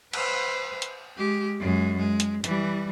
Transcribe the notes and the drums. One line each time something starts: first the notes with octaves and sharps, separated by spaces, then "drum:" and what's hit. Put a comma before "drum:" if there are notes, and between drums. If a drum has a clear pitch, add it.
B4 C5, drum: cymbal
drum: hi-hat
G#3 G4
F#2 G#3
G#3
drum: hi-hat
E3 G3, drum: hi-hat